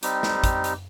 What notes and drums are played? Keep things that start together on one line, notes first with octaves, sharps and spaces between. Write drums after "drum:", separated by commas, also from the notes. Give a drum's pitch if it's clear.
G3 C4 D#4 G4, drum: hi-hat
drum: snare
drum: kick, hi-hat
drum: hi-hat